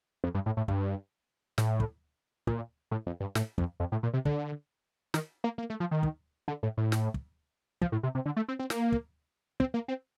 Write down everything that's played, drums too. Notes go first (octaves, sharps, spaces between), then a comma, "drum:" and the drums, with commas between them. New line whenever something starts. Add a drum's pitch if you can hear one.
F2
G2
A2
A2
G2, drum: kick
A2, drum: snare
drum: kick
A#2, drum: kick
A2
F2
G2
A2, drum: snare
F2, drum: kick
F2
A2
A#2
C3
D3, drum: kick
D#3, drum: snare
A#3
A#3
A3
F3
D#3
drum: kick
D3
A2
A2
drum: snare
drum: kick
F3, drum: kick
A2
C3
C3
D3
A3
C4
C4
A#3, drum: snare
drum: kick
C4, drum: kick
A#3
C4